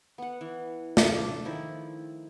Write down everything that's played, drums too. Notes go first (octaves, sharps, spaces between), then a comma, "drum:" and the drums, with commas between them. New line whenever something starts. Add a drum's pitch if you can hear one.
B3 F#5
E3
C#3, drum: snare
A3 D4
D#3 F3 E4